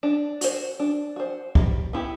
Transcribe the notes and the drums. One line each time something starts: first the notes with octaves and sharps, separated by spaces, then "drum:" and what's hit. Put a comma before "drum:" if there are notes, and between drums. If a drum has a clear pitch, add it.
D4
F#4 C5, drum: hi-hat
D4
F#4 C5
G3, drum: kick
B3 E4 G4